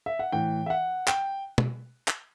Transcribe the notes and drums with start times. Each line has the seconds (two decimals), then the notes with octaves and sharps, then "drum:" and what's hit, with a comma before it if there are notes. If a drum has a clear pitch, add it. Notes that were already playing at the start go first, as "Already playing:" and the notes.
0.06 E5
0.19 F#5
0.32 A2 E3 G5
0.66 E5
0.70 F#5
1.08 G5, drum: clap
1.58 drum: tom
2.08 drum: clap